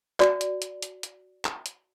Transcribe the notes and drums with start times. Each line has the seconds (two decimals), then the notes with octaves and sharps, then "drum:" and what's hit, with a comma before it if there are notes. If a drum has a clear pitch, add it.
0.20 F#4 D5, drum: clap
0.41 drum: hi-hat
0.62 drum: hi-hat
0.82 drum: hi-hat
1.03 drum: hi-hat
1.45 drum: clap
1.66 drum: hi-hat